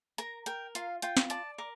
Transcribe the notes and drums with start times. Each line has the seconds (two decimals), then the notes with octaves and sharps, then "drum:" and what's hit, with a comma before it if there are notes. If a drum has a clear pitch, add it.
0.18 A#4 A#5, drum: hi-hat
0.46 A#4 G5, drum: hi-hat
0.75 F4 F5, drum: hi-hat
1.02 F4 G5, drum: hi-hat
1.17 drum: snare
1.30 D5 A5, drum: hi-hat
1.58 A#4 D6